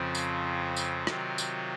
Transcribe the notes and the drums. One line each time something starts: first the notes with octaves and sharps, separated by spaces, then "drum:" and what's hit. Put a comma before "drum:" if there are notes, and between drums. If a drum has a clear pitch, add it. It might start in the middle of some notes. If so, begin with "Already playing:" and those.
Already playing: F2 C#3 F3 C4
drum: tambourine
drum: tambourine
C3 D#3 F#3 C4 F4, drum: rim click
drum: tambourine